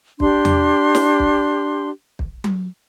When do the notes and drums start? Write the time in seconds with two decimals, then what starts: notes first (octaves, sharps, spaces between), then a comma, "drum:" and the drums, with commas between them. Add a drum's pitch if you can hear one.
0.20 D4 G4 C6, drum: kick
0.45 drum: tom E2
0.95 drum: snare
1.20 drum: kick
2.19 drum: kick
2.44 drum: tom F#3